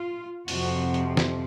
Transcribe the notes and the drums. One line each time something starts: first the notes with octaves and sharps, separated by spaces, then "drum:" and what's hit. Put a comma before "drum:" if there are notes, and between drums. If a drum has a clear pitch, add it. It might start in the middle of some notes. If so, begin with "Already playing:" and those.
Already playing: F4
F2 C3 F3 F#4, drum: open hi-hat
drum: hi-hat
drum: snare